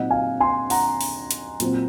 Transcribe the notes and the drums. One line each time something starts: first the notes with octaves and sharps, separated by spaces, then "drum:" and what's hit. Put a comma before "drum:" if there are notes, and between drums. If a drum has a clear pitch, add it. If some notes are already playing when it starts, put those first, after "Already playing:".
Already playing: A#2 F#3 C4 D#4 D#5 F#5
F5 G#5
G#5 C6
F#5 A#5, drum: open hi-hat
drum: open hi-hat
drum: hi-hat
A#2 F#3 C4, drum: hi-hat